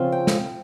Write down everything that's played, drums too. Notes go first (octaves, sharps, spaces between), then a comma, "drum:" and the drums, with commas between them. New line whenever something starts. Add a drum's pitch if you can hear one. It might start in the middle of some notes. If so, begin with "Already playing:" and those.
Already playing: C#3 F3 C4 F4
G5
drum: snare